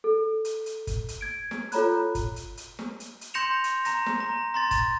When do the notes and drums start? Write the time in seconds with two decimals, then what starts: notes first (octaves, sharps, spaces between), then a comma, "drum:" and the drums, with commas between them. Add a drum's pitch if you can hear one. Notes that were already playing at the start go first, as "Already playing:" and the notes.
0.04 A4
0.45 drum: hi-hat
0.66 drum: hi-hat
0.87 drum: kick G1, hi-hat
1.08 drum: hi-hat
1.21 G#6 D7
1.51 drum: snare
1.72 F4 A4 C#5 A#5 B5 F#6, drum: hi-hat
2.15 drum: kick G1, hi-hat
2.36 drum: hi-hat
2.57 drum: hi-hat
2.79 drum: snare
3.00 drum: hi-hat
3.21 drum: hi-hat
3.34 C6 G6 A#6 C#7 E7 F7
3.64 drum: hi-hat
3.85 A#5 A#6, drum: hi-hat
4.06 drum: snare
4.20 A#5
4.54 A#5 C6 A6
4.71 A6, drum: kick G1, hi-hat